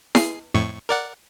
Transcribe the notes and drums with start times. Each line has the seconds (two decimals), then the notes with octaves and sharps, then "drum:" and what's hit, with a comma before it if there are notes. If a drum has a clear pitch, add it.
0.15 G#4 C7, drum: snare E4
0.54 F2 A2 C#6
0.89 A#4 D5 F#5